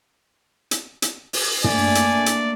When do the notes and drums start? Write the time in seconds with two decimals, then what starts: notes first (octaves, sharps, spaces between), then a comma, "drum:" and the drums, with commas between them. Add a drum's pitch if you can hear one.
0.71 drum: hi-hat
1.02 drum: hi-hat
1.33 drum: open hi-hat
1.64 A3 A#3 D4 D5 G#5, drum: tom
1.95 drum: hi-hat
2.26 drum: hi-hat